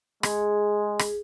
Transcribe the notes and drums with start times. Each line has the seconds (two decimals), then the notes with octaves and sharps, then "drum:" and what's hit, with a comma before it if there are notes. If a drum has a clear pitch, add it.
0.23 G#3 G#4, drum: rim click
0.99 drum: rim click